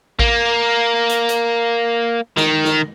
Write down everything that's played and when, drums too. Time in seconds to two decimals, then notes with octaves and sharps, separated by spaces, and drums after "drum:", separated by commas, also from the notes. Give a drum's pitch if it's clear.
0.20 A#3, drum: kick A1
1.09 drum: hi-hat
1.29 drum: hi-hat
2.37 D#3, drum: snare
2.65 drum: snare